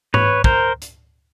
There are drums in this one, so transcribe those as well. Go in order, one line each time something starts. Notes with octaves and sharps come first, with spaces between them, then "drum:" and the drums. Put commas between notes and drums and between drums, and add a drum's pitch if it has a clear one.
B4 C#5, drum: tom G#2
A#4 C5, drum: kick
drum: hi-hat